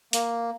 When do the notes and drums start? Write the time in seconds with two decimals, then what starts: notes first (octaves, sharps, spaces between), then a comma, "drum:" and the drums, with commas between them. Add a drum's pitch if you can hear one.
0.13 A#3, drum: hi-hat